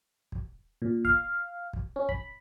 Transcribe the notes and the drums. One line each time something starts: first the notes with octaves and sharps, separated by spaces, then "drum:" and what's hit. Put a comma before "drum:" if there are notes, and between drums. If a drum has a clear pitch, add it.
drum: kick
A#2
F5, drum: kick
drum: kick
C#4
B5, drum: kick